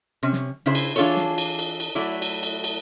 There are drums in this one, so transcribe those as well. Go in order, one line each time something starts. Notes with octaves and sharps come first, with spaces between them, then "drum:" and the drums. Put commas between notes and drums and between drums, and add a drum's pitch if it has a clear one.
C3 C#4
drum: snare
C#3 D4 E4 G#4 C5
drum: cymbal
E3 D4 F4 G#4 A4 C#5, drum: cymbal
drum: snare
drum: cymbal
drum: cymbal
drum: cymbal
F#3 A3 E4 D5
drum: cymbal
drum: cymbal
drum: cymbal